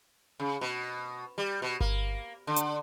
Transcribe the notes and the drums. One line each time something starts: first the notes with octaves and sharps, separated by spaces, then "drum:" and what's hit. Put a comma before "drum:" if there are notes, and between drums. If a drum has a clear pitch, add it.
C#3
B2
G3
B2
A#3, drum: kick G1
D3
drum: hi-hat